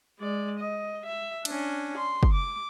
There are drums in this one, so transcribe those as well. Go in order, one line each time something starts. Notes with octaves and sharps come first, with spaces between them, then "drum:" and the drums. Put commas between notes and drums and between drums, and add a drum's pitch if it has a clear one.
G#3 D5
D#5
E5
C#4 D4, drum: cymbal
C6
drum: kick
D6